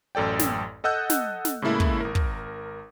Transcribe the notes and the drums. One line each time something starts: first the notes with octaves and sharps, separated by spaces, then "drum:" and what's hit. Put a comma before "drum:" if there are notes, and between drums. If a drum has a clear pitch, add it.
A1 F#2 A4 D5 G5
drum: snare
A4 D#5 F#5 E6 F#6 G6
drum: snare
drum: snare
A2 C#3 G#3 A#3 E4 A4
drum: kick
G#1 A#4
drum: kick